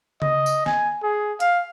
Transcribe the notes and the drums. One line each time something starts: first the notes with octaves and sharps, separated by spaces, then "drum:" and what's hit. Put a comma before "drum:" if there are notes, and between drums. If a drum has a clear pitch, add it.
D#5, drum: tom C#3
drum: tambourine
G#5, drum: snare
G#4
F5, drum: hi-hat